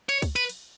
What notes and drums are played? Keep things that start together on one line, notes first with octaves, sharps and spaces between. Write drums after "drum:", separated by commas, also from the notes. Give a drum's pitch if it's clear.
C#5, drum: cymbal
drum: kick C#2, cymbal
B4, drum: cymbal
drum: cymbal